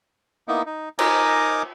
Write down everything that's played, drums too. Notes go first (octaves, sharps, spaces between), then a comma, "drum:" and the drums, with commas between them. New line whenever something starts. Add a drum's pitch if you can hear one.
A#3 B3 D#4 E4
D#4
D#4 A#4 D#5 G#5 A#5 D6, drum: cymbal